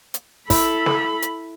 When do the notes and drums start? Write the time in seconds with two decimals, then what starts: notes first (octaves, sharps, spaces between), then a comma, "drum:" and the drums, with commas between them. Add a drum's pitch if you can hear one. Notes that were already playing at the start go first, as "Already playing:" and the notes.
0.14 drum: hi-hat
0.50 E4 A4 B5, drum: kick, open hi-hat
0.86 drum: snare
1.22 drum: hi-hat